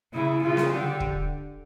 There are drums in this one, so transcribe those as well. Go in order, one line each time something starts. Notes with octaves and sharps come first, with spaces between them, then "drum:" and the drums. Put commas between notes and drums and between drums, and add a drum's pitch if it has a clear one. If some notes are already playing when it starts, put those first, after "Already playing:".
C#3 E4
C#3 F4
drum: snare
D3 G4
drum: kick